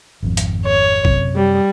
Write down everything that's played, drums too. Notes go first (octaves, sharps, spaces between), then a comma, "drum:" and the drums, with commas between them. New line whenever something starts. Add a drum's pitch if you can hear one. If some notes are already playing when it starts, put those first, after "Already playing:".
G#1 F2
drum: hi-hat
C#5
F#2 C3, drum: kick
G3